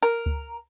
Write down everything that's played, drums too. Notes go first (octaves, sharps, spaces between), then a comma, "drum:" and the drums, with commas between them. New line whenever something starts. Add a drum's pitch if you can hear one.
A#4
drum: kick C#2